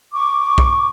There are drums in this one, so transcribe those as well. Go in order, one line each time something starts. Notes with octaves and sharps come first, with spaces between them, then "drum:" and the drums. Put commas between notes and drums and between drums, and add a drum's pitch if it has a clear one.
C#6 D6
drum: kick B1